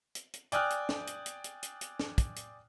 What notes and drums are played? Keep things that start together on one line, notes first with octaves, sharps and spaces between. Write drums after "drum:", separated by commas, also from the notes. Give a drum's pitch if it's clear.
drum: hi-hat
drum: hi-hat
D5 G5 G#5 D#6 F6 F#6, drum: hi-hat
drum: hi-hat
drum: snare
drum: hi-hat
drum: hi-hat
drum: hi-hat
drum: hi-hat
drum: hi-hat
drum: snare
drum: kick, hi-hat
drum: hi-hat